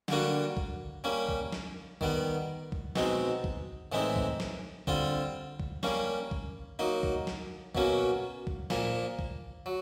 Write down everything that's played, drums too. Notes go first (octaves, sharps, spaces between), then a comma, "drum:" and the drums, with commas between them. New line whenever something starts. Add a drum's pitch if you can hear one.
D3 G3 A#3 D4 F#4, drum: snare
drum: kick
G3 A#3 C#4
drum: kick
drum: snare
D#3 G3 B3, drum: kick
drum: kick
B2 G#3 C4 D#4, drum: snare
drum: kick
A2 E3 G#3 C4 D#4
drum: kick
drum: snare
D3 G3 C4 F4, drum: kick
drum: kick
G3 A#3 C#4, drum: snare
drum: kick
F#3 A#3 D#4
drum: kick
drum: snare
B2 F#3 A#3 C#4, drum: kick
drum: kick
A#2 F3 A#3, drum: snare
drum: kick
F#3